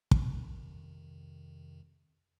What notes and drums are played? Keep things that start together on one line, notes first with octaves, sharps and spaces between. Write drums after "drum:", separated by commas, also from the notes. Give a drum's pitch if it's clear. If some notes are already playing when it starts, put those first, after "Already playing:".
F2 C3 D#3, drum: kick